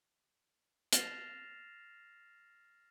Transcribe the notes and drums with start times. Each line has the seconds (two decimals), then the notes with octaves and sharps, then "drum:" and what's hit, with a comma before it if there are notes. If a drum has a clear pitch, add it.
0.93 F6 A6 A#6 C7 E7 F7, drum: hi-hat